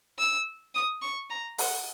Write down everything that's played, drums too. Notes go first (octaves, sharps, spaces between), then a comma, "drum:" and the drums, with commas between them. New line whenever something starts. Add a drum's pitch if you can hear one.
E6
D#6
C#6
A#5
F#5, drum: open hi-hat